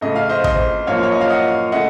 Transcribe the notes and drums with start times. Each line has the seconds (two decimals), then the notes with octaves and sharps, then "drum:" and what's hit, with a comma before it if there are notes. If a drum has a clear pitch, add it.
0.01 F2 C#3 A3 D#5
0.16 F5
0.29 C5 D#5
0.44 C5 D#5, drum: kick
0.87 F#2 F3 A#3 C#5 F5
1.03 C#5
1.12 D#5
1.21 F5
1.30 D#5 F#5
1.72 C#3 A3 D#5 F#5